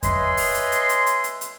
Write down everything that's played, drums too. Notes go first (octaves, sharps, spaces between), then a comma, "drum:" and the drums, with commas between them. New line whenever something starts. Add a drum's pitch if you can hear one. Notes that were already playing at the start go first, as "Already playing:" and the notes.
B4 C#5 D#5 E5 G#5 C6, drum: kick F2, hi-hat
drum: open hi-hat
drum: hi-hat
drum: hi-hat
drum: hi-hat
drum: hi-hat
drum: hi-hat
drum: hi-hat